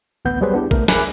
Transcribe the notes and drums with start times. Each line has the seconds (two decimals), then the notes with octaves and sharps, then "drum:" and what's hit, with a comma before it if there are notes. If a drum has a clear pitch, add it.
0.25 A1 D2 B3 G6
0.41 F#3 G3 G#4 B4 C5
0.54 B3 D4 E4 G4
0.71 A3 A#4, drum: kick A#1
0.88 G#4 A#4 G#5 B5 D6 F#6, drum: snare